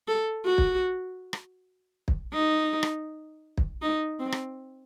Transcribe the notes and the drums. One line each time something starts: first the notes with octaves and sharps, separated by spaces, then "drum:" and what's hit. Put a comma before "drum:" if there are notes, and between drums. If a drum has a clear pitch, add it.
A4
F#4
drum: kick
drum: rim click
drum: kick
D#4
drum: rim click
drum: kick
D#4
C4
drum: rim click